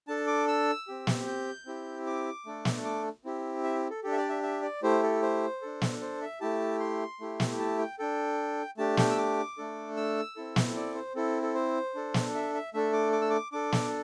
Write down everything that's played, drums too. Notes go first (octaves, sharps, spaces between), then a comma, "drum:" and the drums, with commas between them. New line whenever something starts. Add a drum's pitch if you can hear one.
D4 A4 A5
D6
E6
C4 G4
drum: snare
G6
C4 E4 G4
D6
A3 D4 A4
drum: snare
D6
C4 E4 G4
E5
A4
D4 G4 A4
E5
D5
E5
E5
D5
A3 E4 G4 C5
A4
C5
D4 A4
drum: snare
C5
E5
A3 E4 G4 A5
C6
A3 E4 G4
drum: snare
A5
G5
D4 A4 G5
A3 D4 G4 A5
G5, drum: snare
E6
D6
A3 D4 A4
E6
C4 E4 A4
drum: snare
D5
C5
C4 E4 A4
A4
C5
D4 A4
drum: snare
E5
E5
A3 D4 A4 E5
D6
D6
E6
D6
D4 A4 D6
drum: snare